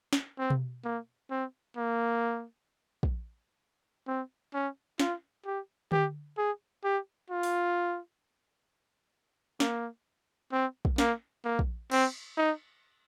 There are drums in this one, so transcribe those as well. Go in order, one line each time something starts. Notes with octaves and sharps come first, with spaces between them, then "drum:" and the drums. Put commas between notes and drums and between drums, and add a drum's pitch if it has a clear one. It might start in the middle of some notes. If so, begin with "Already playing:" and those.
drum: snare
C4
drum: tom B2
A#3
C4
A#3
drum: kick
C4
C#4
F4, drum: snare
G4
G4, drum: tom D3
G#4
G4
F4
drum: open hi-hat
A#3, drum: snare
C4
drum: kick
A#3, drum: snare
A#3
drum: kick
C4, drum: cymbal
D#4